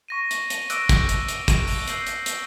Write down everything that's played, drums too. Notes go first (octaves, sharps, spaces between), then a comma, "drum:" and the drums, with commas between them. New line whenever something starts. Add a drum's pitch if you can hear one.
C#6 A#6 D#7
drum: hi-hat
drum: hi-hat
D6 E6 F#6 A#6 D7, drum: hi-hat
drum: kick, hi-hat
drum: hi-hat
drum: hi-hat
drum: kick, hi-hat
drum: open hi-hat
E6 G6 C7 F#7, drum: hi-hat
drum: hi-hat
drum: hi-hat